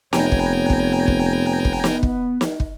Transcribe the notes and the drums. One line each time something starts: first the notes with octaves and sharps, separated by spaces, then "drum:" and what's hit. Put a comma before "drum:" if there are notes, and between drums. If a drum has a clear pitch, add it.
F1 B3 C#5 G5 G#5 A#5, drum: snare
drum: kick
drum: kick
drum: kick
drum: kick
drum: snare
drum: kick
drum: snare
drum: kick